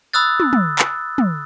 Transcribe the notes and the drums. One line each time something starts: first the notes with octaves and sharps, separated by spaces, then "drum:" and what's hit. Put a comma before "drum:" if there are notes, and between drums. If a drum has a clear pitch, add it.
B5 D#6 E6 F#6 A6
drum: tom
drum: tom
drum: clap
drum: tom